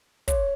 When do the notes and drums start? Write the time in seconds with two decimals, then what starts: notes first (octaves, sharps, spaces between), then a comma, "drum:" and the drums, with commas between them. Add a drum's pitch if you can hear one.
0.28 C#5, drum: kick, hi-hat